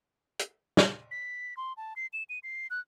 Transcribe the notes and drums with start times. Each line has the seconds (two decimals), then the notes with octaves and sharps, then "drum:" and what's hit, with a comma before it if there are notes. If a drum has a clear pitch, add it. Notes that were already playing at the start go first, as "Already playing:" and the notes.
0.39 drum: hi-hat
0.77 drum: snare
1.11 B6
1.57 C6
1.77 A5
1.96 C7
2.13 E7
2.29 D#7
2.43 C7
2.70 F#6